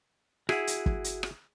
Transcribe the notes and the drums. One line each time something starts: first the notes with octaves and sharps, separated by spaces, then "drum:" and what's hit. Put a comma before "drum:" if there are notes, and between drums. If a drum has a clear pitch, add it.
E4 F#4 G#4 F#5, drum: rim click
drum: hi-hat
drum: kick
drum: hi-hat
drum: rim click